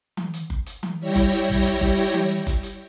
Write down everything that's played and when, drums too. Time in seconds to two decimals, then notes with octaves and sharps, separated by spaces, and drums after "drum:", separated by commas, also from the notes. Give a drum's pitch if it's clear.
0.17 drum: tom E3
0.34 drum: hi-hat
0.50 drum: kick F#1
0.66 drum: hi-hat
0.83 drum: tom E3
0.99 G3 E4 C#5 G5 A#6
1.16 drum: kick F#1, hi-hat
1.32 drum: hi-hat
1.48 drum: tom
1.65 drum: hi-hat
1.81 drum: kick F#1
1.98 drum: hi-hat
2.14 drum: tom E3
2.47 drum: kick F#1, hi-hat
2.63 drum: hi-hat